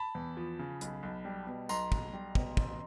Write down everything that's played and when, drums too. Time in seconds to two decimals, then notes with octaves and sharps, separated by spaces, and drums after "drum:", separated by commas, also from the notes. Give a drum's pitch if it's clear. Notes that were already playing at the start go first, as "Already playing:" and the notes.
Already playing: A5 B5
0.15 E2
0.37 F3
0.59 C#3
0.81 B1, drum: hi-hat
1.03 B1
1.25 G3
1.47 B2
1.69 B1 A#5 C6, drum: tambourine
1.92 B1, drum: kick
2.13 G3
2.35 B2, drum: kick
2.57 A1, drum: kick